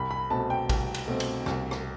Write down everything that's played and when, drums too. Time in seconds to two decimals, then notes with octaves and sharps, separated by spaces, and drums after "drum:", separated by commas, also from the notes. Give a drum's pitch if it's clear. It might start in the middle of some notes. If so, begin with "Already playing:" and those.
Already playing: C2 B5
0.11 B5
0.30 B2 A3 C4 A5
0.50 G5
0.69 C2, drum: kick, cymbal
0.94 drum: cymbal
1.08 B2 A3 C4
1.20 drum: cymbal
1.46 C2, drum: rim click
1.71 drum: rim click